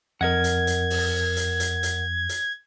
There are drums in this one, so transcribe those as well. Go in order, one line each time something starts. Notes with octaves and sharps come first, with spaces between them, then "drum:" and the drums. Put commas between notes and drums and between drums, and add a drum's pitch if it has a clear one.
F2 A#4 D#5 F#5 G#6
drum: hi-hat
drum: hi-hat
drum: open hi-hat
drum: hi-hat
drum: hi-hat
drum: hi-hat
drum: hi-hat